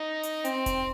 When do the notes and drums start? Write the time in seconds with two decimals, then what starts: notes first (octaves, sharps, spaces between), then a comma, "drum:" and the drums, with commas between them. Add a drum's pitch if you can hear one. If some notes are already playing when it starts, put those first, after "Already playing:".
Already playing: D#4
0.23 drum: hi-hat
0.45 C4, drum: hi-hat
0.66 drum: kick E1, hi-hat